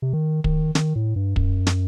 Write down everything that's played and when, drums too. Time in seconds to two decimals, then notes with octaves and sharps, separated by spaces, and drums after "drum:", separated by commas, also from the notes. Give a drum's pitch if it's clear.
0.02 C3
0.13 D#3
0.44 D#3, drum: kick
0.75 D#3, drum: snare
0.96 A2
1.16 G2
1.36 F#2, drum: kick
1.67 drum: snare